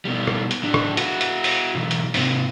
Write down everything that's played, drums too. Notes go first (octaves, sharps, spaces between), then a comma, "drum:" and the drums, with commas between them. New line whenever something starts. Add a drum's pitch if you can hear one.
B2 G3
drum: rim click
drum: hi-hat
A2 D4
drum: rim click
E4 F#4, drum: hi-hat
drum: hi-hat
drum: open hi-hat
B1 E3
drum: hi-hat
G#2 C3, drum: open hi-hat